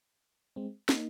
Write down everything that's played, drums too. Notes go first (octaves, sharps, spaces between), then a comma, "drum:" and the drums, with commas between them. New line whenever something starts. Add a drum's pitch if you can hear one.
G#3 C4
A#3 D#4, drum: snare